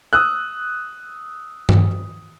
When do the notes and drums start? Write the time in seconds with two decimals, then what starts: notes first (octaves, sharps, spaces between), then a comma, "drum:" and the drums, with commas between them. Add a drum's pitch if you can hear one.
0.13 D#6 E6 F#6
1.69 drum: tom G2